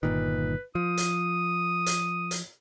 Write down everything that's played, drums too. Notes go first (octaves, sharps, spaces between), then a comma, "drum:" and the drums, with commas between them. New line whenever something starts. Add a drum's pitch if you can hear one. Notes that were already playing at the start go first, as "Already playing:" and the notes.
G1 A#2 D#3 B4
F3 D#6
drum: hi-hat
drum: hi-hat
drum: hi-hat